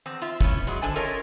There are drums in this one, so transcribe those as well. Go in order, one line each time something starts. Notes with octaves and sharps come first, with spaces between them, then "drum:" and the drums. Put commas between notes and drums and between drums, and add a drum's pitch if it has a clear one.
E2 C4
F4 E5
B3 C#4 E4, drum: kick
F#3 G#3 G#4
D3 D4 C5 G#5
C#4 F4 A4 A#4 C#5 D#5